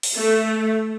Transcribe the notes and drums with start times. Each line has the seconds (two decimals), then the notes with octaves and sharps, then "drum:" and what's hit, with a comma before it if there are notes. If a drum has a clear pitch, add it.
0.03 drum: open hi-hat
0.16 A3